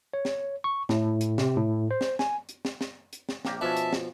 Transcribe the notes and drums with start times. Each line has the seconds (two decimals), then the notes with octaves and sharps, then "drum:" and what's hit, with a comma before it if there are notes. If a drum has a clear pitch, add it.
0.14 C#5
0.25 drum: snare
0.64 C#6
0.89 A2, drum: snare
1.21 drum: hi-hat
1.38 C3, drum: snare
1.57 A2
1.91 C5
2.01 drum: snare
2.19 G#5, drum: snare
2.49 drum: hi-hat
2.65 drum: snare
2.81 drum: snare
3.13 drum: hi-hat
3.29 drum: snare
3.45 A#1 A#3 G4, drum: snare
3.61 B2 F3 C#4 D4 E5 A5
3.77 drum: hi-hat
3.93 drum: snare